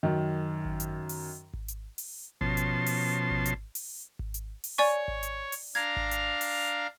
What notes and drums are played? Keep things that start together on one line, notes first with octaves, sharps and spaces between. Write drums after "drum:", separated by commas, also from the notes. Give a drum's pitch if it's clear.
F#2 D#3
drum: kick G#1
drum: hi-hat
drum: open hi-hat
drum: kick G#1
drum: hi-hat
drum: open hi-hat
B2 F3 C#4 A5 C6, drum: kick G#1
drum: hi-hat
drum: open hi-hat
drum: kick G#1
drum: hi-hat
drum: open hi-hat
drum: kick G#1
drum: hi-hat
drum: open hi-hat
C#5 D5 G#5 C#6
drum: kick G#1
drum: hi-hat
drum: open hi-hat
D4 F5 A#5 G#6
drum: kick G#1
drum: hi-hat
drum: open hi-hat